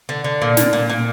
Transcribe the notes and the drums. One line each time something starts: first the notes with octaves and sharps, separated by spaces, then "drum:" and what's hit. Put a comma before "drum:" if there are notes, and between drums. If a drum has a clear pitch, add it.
D3
D3
A#2
A#2, drum: snare
A#2
A#2